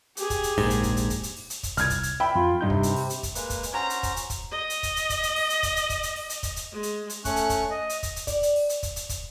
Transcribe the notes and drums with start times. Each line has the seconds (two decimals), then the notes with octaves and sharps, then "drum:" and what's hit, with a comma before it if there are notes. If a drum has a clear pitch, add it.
0.17 G4 G#4, drum: hi-hat
0.30 drum: kick, hi-hat
0.43 drum: hi-hat
0.58 A#1 G#2, drum: open hi-hat
0.70 drum: hi-hat
0.83 drum: kick, hi-hat
0.97 drum: hi-hat
1.10 drum: kick, hi-hat
1.23 drum: hi-hat
1.37 drum: open hi-hat
1.50 drum: hi-hat
1.63 drum: kick, hi-hat
1.77 C2 F6 G#6, drum: hi-hat
1.90 drum: kick, hi-hat
2.03 drum: hi-hat
2.20 E5 G5 B5
2.35 F2 F4
2.61 G2 C3 D#4 G6
2.70 drum: kick
2.83 drum: hi-hat
2.97 drum: open hi-hat
3.10 drum: hi-hat
3.23 drum: kick, hi-hat
3.35 G#3 A#3 B4, drum: hi-hat
3.50 drum: kick, hi-hat
3.63 drum: hi-hat
3.73 C#4 F#4 C5 A#5
3.90 drum: hi-hat
4.03 drum: kick, hi-hat
4.16 drum: hi-hat
4.30 drum: kick, hi-hat
4.52 D#5
4.70 drum: hi-hat
4.83 drum: kick, hi-hat
4.96 drum: hi-hat
5.10 drum: kick, hi-hat
5.23 drum: hi-hat
5.36 drum: open hi-hat
5.50 drum: hi-hat
5.63 drum: kick, hi-hat
5.76 drum: hi-hat
5.90 drum: kick, hi-hat
6.03 drum: hi-hat
6.16 drum: open hi-hat
6.30 drum: hi-hat
6.43 drum: kick, hi-hat
6.56 drum: hi-hat
6.73 G#3
6.83 drum: hi-hat
7.10 drum: hi-hat
7.25 A3 C#4 C#6 F#6, drum: kick, hi-hat
7.36 drum: hi-hat
7.50 drum: kick, hi-hat
7.71 D#5
7.89 drum: hi-hat
8.03 drum: kick, hi-hat
8.16 drum: hi-hat
8.27 D5, drum: kick, hi-hat
8.43 drum: hi-hat
8.56 drum: open hi-hat
8.69 drum: hi-hat
8.83 drum: kick, hi-hat
8.96 drum: hi-hat
9.09 drum: kick, hi-hat